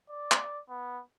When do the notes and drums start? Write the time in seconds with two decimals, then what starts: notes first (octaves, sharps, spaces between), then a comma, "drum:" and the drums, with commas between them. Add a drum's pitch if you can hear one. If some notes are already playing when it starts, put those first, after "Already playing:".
0.10 D5
0.32 drum: clap
0.69 B3